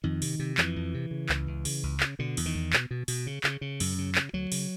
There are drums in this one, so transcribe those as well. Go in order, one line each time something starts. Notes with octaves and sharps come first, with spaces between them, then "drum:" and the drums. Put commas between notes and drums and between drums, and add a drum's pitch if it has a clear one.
F2 D#3
C3, drum: open hi-hat
C3
F2 E3, drum: clap
F2
C3
C#3
C#2, drum: clap
C#2
C#3, drum: open hi-hat
C#2
C#3, drum: clap
B2 D3
E2, drum: open hi-hat
D#3
E2
B2, drum: clap
B2
B2, drum: open hi-hat
C#3
C#3, drum: clap
C#3
F#2, drum: open hi-hat
C#3
C#3, drum: clap
D2 F#3
C#3, drum: open hi-hat